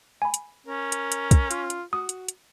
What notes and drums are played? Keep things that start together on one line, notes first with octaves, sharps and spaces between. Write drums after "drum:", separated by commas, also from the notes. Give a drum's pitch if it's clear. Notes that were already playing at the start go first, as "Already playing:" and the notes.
G#5 B5
drum: hi-hat
C#4 A#4
drum: hi-hat
drum: hi-hat
drum: kick, hi-hat
F4, drum: hi-hat
drum: hi-hat
F#4 D#6
drum: hi-hat
drum: hi-hat